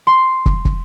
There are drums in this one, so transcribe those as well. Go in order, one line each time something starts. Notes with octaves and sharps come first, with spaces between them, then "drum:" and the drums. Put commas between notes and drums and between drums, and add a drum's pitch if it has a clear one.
C6
drum: kick
drum: kick